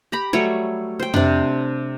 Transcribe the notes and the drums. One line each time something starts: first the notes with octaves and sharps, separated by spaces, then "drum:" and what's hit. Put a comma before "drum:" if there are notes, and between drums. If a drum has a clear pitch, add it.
G4 A#5 B5
F#3 G3 A3 C#5
C5 G5
C3 D4, drum: tom F2